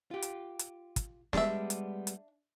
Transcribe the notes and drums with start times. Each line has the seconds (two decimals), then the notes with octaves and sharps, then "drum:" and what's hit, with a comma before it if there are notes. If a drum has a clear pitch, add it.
0.11 F4 G4
0.22 drum: hi-hat
0.59 drum: hi-hat
0.96 drum: kick, hi-hat
1.33 G3 G#3 B3 D4 E5, drum: snare
1.70 drum: hi-hat
2.07 drum: hi-hat